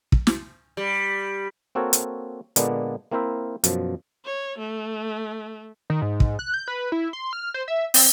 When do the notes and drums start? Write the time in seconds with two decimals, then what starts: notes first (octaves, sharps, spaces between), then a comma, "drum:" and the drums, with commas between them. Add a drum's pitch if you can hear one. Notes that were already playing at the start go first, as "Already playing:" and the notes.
0.12 drum: kick
0.27 drum: snare
0.77 G3
1.75 A#3 C4 F#4 A4 A#4 C#5
1.93 drum: hi-hat
2.56 A#2 D3 G#3 A#3 B3 D4, drum: hi-hat
3.12 A#3 C4 E4 A#4 C5 E5
3.64 F#2 B2 F3, drum: hi-hat
4.25 C#5
4.59 A3
5.90 D#3
6.02 G#2
6.20 drum: kick
6.39 F#6
6.54 G6
6.68 B4
6.92 E4
7.13 C6
7.33 F6
7.54 C5
7.68 E5
7.94 C4, drum: open hi-hat